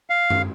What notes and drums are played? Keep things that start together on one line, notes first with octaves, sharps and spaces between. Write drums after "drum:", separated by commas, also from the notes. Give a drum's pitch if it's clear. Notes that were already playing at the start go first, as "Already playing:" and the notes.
F5
drum: tom